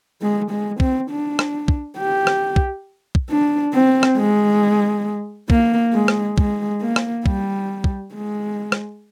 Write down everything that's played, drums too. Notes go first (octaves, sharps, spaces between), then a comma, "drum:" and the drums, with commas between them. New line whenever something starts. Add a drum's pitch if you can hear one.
G#3
G#3
C4, drum: kick
D4
drum: rim click
drum: kick
G4
drum: rim click
drum: kick
drum: kick
D4
C4
drum: rim click
G#3
A#3, drum: kick
G#3
drum: rim click
G#3, drum: kick
A#3
drum: rim click
G3, drum: kick
drum: kick
G#3
drum: rim click